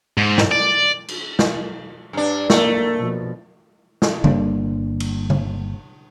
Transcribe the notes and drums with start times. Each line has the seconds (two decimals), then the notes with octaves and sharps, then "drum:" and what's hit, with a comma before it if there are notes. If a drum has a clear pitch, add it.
0.17 G#2
0.38 drum: snare
0.51 D5
1.08 drum: cymbal
1.39 drum: snare
2.13 G2 D4
2.50 A3 A#3, drum: snare
2.98 B2 F3
4.02 drum: snare
4.24 G1 G3 A#3 D4, drum: tom C#3
5.00 drum: cymbal
5.30 drum: tom C#3